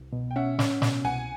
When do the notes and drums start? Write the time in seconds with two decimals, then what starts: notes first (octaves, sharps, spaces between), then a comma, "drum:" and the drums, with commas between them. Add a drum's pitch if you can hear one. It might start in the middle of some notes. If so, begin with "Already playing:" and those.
Already playing: C2
0.13 B2
0.31 G5
0.36 C#4 E5 F#5
0.59 C#4, drum: snare
0.82 B2, drum: snare
1.04 C2 F#5 G#5